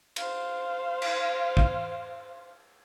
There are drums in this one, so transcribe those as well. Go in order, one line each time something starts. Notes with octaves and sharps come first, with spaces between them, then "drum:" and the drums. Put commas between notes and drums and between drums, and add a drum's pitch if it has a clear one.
C5 F5, drum: cymbal
drum: cymbal
drum: kick